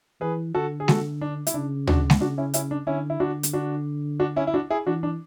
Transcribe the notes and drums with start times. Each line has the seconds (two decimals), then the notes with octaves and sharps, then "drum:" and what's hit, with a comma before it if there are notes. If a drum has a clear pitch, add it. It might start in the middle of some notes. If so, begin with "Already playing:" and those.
0.21 E3 G#4 B4
0.55 D3 F#4 A4
0.80 G#4
0.88 F#4 A4, drum: snare G#3
1.21 D4
1.47 E4, drum: hi-hat
1.54 C#3 D4
1.87 D4 F#4, drum: tom D2
2.10 drum: snare G#3
2.21 C#3 D4 F#4
2.38 C#4 E4
2.54 C#4 E4, drum: hi-hat
2.71 D4
2.87 D3 C#4 E4
3.10 E4
3.20 D3 D4 F#4
3.43 drum: hi-hat
3.53 D4 F#4
4.20 D4 F#4
4.36 C#4 E4
4.47 E4
4.54 D4 F#4
4.70 E4 G#4
4.87 E3 D4 F#4
5.03 D4